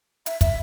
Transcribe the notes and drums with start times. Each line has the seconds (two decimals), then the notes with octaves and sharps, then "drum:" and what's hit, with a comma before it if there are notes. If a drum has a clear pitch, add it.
0.26 E5, drum: hi-hat
0.41 E5, drum: kick, hi-hat